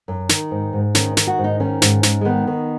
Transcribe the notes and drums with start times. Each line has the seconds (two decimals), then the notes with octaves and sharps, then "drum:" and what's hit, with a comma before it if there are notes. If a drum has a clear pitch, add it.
0.08 F#2
0.29 D#3, drum: snare
0.51 G#2
0.73 G#2
0.95 D#3 C#4, drum: snare
1.17 D#3, drum: snare
1.27 F#4
1.38 G#2
1.44 D#4
1.60 D#3 C#4
1.82 G#2, drum: snare
2.03 G#2, drum: snare
2.21 G#3
2.25 D#3 B3
2.47 D#3